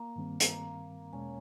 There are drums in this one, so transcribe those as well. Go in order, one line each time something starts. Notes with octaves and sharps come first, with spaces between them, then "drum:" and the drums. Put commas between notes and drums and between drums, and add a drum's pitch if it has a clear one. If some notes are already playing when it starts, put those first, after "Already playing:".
Already playing: A#3
G2 D#3 G3 C4
A#3, drum: hi-hat
E2 B2 G#3 C#4